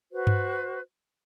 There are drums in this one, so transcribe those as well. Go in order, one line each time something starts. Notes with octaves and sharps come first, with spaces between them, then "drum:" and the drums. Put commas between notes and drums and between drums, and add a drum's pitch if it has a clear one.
F#4 B4 C5
drum: tom G2